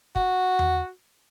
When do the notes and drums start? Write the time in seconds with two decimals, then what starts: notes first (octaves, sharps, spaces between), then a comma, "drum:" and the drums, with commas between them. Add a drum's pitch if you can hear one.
0.16 F#4, drum: kick
0.59 drum: tom E2